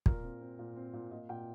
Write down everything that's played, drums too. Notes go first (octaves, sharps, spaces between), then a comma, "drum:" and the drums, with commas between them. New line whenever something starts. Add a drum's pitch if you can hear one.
A#2 A#4, drum: kick
C4
C4
A#2
C4
A#2
A#2 D#5
A#2 G5